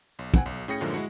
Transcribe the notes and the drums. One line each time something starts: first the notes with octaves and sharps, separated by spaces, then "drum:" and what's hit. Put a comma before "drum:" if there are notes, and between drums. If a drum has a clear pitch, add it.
B1
C4 F#5 G#5, drum: kick
B1
A2 C#4 G#4 G5 A#6 C#7
F#2 A2 D3 F3 G#3 A#3
G#3 E4 F#4